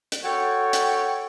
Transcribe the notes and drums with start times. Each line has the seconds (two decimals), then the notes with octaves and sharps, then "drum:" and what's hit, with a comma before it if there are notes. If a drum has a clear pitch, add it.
0.12 drum: hi-hat
0.24 F#4 A4 C#5 G5
0.73 drum: hi-hat